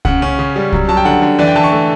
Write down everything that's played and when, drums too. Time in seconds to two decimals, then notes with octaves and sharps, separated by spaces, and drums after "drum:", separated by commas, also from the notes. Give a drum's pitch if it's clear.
0.05 C#3 F#5, drum: kick C2
0.22 C#4
0.39 C#3
0.56 G3
0.72 F#3, drum: kick C2
0.89 F#3 A5
0.97 G5
1.05 D3 F#5
1.22 D3
1.39 E3 D5
1.47 G5
1.56 E3 A5
1.64 C#6
1.72 A3